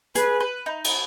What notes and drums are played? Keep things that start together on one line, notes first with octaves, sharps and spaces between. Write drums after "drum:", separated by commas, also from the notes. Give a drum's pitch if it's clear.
G#4 B4, drum: hi-hat
B4
D#4
drum: cymbal